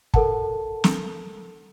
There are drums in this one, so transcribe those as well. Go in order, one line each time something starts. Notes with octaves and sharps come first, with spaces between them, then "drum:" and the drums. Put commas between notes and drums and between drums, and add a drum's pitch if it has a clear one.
A4 A#4 F#5 A5, drum: kick
drum: snare